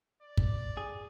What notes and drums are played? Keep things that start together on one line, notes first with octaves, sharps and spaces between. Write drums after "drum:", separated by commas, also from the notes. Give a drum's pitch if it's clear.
D5
drum: kick
G#4